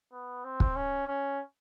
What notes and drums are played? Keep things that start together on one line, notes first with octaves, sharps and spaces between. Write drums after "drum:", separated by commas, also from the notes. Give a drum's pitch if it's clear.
B3
C4
drum: kick
C#4
C#4